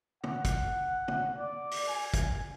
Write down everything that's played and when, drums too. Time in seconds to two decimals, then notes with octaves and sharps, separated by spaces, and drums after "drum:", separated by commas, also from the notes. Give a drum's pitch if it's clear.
0.24 F#5, drum: tom
0.45 drum: kick, hi-hat
1.08 drum: tom
1.38 D5
1.71 drum: open hi-hat
1.88 G#5
2.14 drum: kick, hi-hat